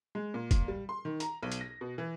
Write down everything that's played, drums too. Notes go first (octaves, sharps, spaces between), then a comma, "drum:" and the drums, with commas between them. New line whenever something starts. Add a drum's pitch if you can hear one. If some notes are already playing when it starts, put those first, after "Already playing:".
G#3
A#2
drum: kick, hi-hat
G3
C6
D#3
A#5, drum: hi-hat
B1
drum: hi-hat
A#6
B2
E3